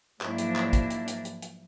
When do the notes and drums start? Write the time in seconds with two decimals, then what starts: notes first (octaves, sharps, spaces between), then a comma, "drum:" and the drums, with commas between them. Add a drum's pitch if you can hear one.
0.21 G#2 F3 F#3 A#3 D4 E4, drum: clap
0.38 drum: hi-hat
0.56 drum: clap
0.73 drum: kick, hi-hat
0.90 drum: hi-hat
1.08 drum: hi-hat
1.25 drum: hi-hat
1.42 drum: hi-hat